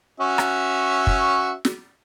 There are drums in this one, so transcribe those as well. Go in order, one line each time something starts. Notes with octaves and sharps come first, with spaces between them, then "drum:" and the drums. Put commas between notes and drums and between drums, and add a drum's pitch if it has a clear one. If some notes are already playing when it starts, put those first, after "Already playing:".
C#4 F#4 E5
drum: rim click
drum: kick
drum: snare